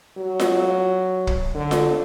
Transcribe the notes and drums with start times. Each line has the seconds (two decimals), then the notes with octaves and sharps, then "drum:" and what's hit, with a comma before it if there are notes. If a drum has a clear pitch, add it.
0.18 F#3
0.40 drum: snare F4
1.27 drum: kick
1.54 D3
1.71 drum: snare F4